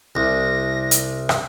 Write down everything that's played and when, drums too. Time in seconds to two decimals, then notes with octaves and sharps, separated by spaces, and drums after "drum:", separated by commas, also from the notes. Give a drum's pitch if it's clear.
0.15 C2 A#6
0.91 drum: hi-hat
1.29 drum: rim click